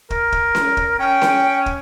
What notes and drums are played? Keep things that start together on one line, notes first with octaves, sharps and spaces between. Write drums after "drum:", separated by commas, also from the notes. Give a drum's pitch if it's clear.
A#4, drum: kick
drum: kick
drum: snare C#4
drum: kick
C#4 G5
drum: snare C#4
drum: kick